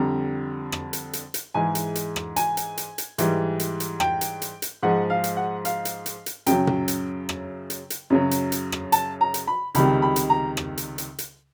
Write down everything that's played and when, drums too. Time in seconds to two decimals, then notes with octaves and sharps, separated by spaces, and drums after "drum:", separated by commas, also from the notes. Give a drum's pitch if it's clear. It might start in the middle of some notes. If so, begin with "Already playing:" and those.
Already playing: F2 D3 G3 A#5
0.72 drum: rim click
0.93 drum: hi-hat
1.13 drum: hi-hat
1.34 drum: hi-hat
1.54 G#2 E3 G#3 G#5
1.75 drum: hi-hat
1.95 drum: hi-hat
2.16 drum: rim click
2.36 G#5, drum: hi-hat
2.57 drum: hi-hat
2.77 drum: hi-hat
2.98 drum: hi-hat
3.18 G#2 E3 G3, drum: hi-hat
3.60 drum: hi-hat
3.80 drum: hi-hat
4.00 G5, drum: rim click
4.21 drum: hi-hat
4.42 drum: hi-hat
4.62 drum: hi-hat
4.83 G#2 F3 G#3 F#5
5.10 F5
5.24 drum: hi-hat
5.37 F#5
5.65 F5, drum: hi-hat
5.85 drum: hi-hat
6.06 drum: hi-hat
6.26 drum: hi-hat
6.46 F#2 C#3 F#3 G5, drum: hi-hat
6.67 drum: tom A#2
6.88 drum: hi-hat
7.29 drum: rim click
7.70 drum: hi-hat
7.90 drum: hi-hat
8.10 F#2 C#3 F#3
8.31 drum: hi-hat
8.52 drum: hi-hat
8.72 drum: rim click
8.92 A5, drum: hi-hat
9.21 A#5
9.34 drum: hi-hat
9.47 B5
9.75 C#2 C3 D#3 G3 B5, drum: hi-hat
10.02 B5
10.16 drum: hi-hat
10.30 A#5
10.57 drum: rim click
10.77 drum: hi-hat
10.98 drum: hi-hat
11.19 drum: hi-hat